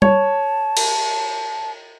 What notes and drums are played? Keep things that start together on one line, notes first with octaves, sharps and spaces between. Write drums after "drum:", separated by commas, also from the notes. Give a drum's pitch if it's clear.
C#5 A5, drum: tom G3
drum: cymbal